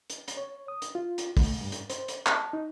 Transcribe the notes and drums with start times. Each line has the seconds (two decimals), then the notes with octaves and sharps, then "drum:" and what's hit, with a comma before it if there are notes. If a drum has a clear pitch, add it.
0.10 drum: hi-hat
0.28 drum: hi-hat
0.37 C#5
0.68 D#6
0.82 drum: hi-hat
0.95 F4
1.18 drum: hi-hat
1.37 A3, drum: kick, open hi-hat
1.61 G2
1.72 drum: hi-hat
1.90 C5, drum: hi-hat
2.08 drum: hi-hat
2.26 A5, drum: clap
2.53 D#4